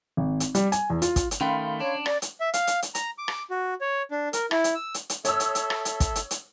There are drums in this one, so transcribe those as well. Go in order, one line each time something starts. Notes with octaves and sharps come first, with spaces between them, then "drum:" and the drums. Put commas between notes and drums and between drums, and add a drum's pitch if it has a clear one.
G#1
drum: hi-hat
G3, drum: hi-hat
G#5, drum: hi-hat
E2
F4, drum: hi-hat
drum: kick, hi-hat
drum: hi-hat
D#3 A3 C#4 F5 B5 C6
D4 C#5
D5, drum: rim click
drum: hi-hat
E5
F5, drum: hi-hat
drum: hi-hat
drum: hi-hat
A#5, drum: hi-hat
D6
drum: rim click
F#4
C#5
D4
A#4, drum: hi-hat
E4, drum: rim click
drum: hi-hat
E6
drum: hi-hat
drum: hi-hat
A4 C#5 E5 D#6 E6, drum: hi-hat
drum: hi-hat
drum: hi-hat
drum: rim click
drum: hi-hat
drum: kick, hi-hat
drum: hi-hat
drum: hi-hat